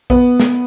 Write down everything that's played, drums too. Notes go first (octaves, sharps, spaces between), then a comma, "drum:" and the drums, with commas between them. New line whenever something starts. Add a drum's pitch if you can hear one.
B3, drum: kick A#1
drum: snare